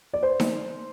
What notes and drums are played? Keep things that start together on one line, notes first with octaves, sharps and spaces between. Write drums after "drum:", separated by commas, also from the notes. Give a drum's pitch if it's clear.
D5
C5
drum: snare D#4